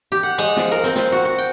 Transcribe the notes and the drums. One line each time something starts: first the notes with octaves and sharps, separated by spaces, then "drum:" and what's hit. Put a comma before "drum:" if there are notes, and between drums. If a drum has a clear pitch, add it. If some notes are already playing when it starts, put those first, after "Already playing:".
G4
F#5
G#3, drum: cymbal
F3, drum: snare
A#4
C4
C4, drum: snare
F#4
F#4
G5